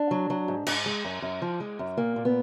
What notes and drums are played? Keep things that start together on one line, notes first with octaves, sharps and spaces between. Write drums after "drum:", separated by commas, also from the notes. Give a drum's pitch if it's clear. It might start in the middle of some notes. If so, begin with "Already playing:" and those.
Already playing: D4
F#3
F#3
G#2
G#2, drum: cymbal
G#3
F#2
F#2
F3
G#3
F#2
A#2 A#3
A#2
B3